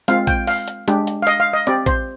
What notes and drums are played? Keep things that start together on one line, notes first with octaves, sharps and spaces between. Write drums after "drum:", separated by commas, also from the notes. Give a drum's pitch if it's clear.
G#3 C4 F4 F5, drum: hi-hat
G5, drum: kick A#1, hi-hat
F5, drum: open hi-hat
drum: hi-hat
G#3 D4 G4, drum: hi-hat
drum: hi-hat
F5
D#5, drum: hi-hat
F5
D#5
C4 G4 D5, drum: hi-hat
C5, drum: kick A#1, hi-hat